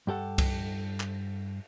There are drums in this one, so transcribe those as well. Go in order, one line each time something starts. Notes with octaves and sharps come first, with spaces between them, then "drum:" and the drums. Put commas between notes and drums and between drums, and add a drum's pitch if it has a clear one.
G2 G4 A4 F#5
drum: kick C2, cymbal
drum: clap